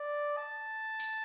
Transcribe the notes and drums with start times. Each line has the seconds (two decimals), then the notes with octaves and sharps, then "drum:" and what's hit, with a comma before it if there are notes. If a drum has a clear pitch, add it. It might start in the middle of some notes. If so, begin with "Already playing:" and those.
Already playing: D5
0.37 A5
0.99 drum: hi-hat